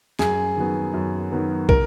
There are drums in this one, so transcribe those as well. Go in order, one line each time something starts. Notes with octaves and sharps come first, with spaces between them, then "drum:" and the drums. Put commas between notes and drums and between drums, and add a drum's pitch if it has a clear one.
F#2 G#4, drum: snare
D#3 F#3 B3
F#2
D#3 F#3 B3
A#4, drum: kick